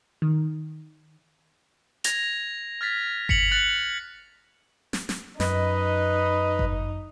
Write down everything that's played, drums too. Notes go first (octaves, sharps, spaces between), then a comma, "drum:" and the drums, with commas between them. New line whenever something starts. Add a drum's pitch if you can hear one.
D#3
G#6 A#6 F7, drum: hi-hat
F6 G#6 A6 B6
B6 C#7 F7 F#7, drum: kick G1
F#6 A6 C#7 F#7
drum: snare
drum: snare
F#2 D#4 B4 D#5, drum: snare
drum: kick G1